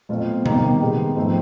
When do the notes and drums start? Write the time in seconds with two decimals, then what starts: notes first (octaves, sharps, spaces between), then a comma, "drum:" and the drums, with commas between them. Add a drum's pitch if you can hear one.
0.09 B2 F#3 A3 C4 F4
0.46 C3 D#3 G3 A#3 D#4, drum: tom B2
0.80 C3 D#3 G#3 B3
1.16 G#2 F3 A3 C4